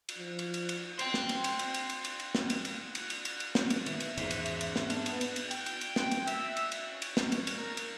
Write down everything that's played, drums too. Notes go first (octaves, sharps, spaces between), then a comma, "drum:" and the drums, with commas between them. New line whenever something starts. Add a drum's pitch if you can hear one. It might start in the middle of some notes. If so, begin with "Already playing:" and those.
drum: cymbal
F3
drum: cymbal
drum: cymbal
drum: cymbal
C5 G5, drum: cymbal
drum: snare
drum: cymbal
drum: cymbal
drum: cymbal
drum: cymbal
drum: cymbal
drum: cymbal
drum: cymbal
drum: snare
drum: cymbal
drum: cymbal
drum: cymbal
drum: cymbal
drum: cymbal
drum: cymbal
drum: snare
drum: cymbal
D#3 B3 E5, drum: cymbal
drum: cymbal
E2 G#2 C#4, drum: cymbal
drum: cymbal
drum: cymbal
drum: cymbal
drum: snare
B3 D4, drum: cymbal
drum: cymbal
drum: cymbal
drum: cymbal
G5, drum: cymbal
drum: cymbal
drum: cymbal
drum: snare
drum: cymbal
E5, drum: cymbal
drum: cymbal
drum: cymbal
C#4
drum: cymbal
drum: snare
drum: cymbal
drum: cymbal
A#4
drum: cymbal